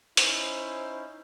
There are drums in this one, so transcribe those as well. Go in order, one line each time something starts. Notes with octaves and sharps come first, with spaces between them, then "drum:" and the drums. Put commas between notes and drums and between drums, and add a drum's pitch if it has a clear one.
C#4 D#4 E4 C5, drum: hi-hat